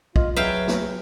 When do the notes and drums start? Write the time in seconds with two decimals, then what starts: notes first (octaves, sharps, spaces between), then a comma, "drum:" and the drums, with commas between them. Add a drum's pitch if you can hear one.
0.16 F4 D#5, drum: kick
0.36 F#3 G#4 B4 E5 F5 G5
0.68 drum: snare